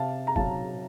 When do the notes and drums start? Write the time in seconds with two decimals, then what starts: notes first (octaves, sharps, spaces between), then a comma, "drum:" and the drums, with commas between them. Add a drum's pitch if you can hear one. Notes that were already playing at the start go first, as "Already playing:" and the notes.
Already playing: C3 F5 A5
0.27 A#5
0.36 F#3 F5 A5, drum: kick